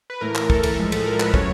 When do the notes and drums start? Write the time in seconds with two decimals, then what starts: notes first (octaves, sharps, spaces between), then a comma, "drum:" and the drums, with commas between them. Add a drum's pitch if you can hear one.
0.10 B4
0.21 A2 E3 A3 A#4
0.35 drum: clap
0.50 A4, drum: kick
0.63 drum: cymbal
0.77 A2 F3 G#3
0.92 A4, drum: cymbal
1.06 A#4
1.20 B4, drum: clap
1.34 C#3 F#3 A3 C#5, drum: kick